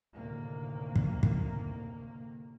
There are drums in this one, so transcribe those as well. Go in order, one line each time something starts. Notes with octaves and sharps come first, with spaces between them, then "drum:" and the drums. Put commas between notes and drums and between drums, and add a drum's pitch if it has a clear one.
D2 A2 C3 D#3 A#3
drum: kick
drum: kick